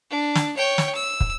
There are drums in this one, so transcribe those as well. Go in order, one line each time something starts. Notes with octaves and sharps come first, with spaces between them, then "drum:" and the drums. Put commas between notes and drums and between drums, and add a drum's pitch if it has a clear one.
D4
drum: snare
C#5 G5
drum: snare
E6
drum: kick